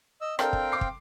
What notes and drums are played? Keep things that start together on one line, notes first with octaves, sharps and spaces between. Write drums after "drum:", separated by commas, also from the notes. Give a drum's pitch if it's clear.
D#5 E6
C4 D4 A4 A#4 F5 G5, drum: rim click
drum: kick
C6 D6 C7
drum: kick